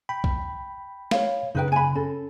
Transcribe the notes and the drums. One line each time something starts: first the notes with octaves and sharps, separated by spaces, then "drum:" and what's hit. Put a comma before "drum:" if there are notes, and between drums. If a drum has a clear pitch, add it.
G5 B5
drum: kick B1
C#5 F5, drum: snare
F#2 C#3 D#4 B4 G5
G#5 B5
C#4 A4